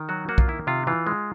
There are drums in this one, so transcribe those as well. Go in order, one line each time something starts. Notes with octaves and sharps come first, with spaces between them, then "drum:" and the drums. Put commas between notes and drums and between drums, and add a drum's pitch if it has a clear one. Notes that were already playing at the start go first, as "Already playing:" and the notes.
Already playing: D#3
F#3 F#4
A#3 F#4
F4, drum: kick
D#3 E4
C3 F4
E3 F4
G#3